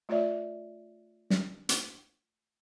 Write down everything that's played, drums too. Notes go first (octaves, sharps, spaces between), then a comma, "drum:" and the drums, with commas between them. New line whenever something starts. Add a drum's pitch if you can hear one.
A3 F4 C#5 D5 E5
drum: snare
drum: hi-hat